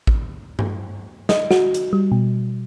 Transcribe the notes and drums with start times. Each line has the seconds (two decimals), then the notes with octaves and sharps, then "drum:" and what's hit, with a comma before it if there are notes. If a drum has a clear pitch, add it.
0.07 drum: kick A1
0.59 drum: tom G2
1.29 D#5, drum: snare
1.51 F#4, drum: snare
1.74 drum: hi-hat
1.93 G3
2.12 B2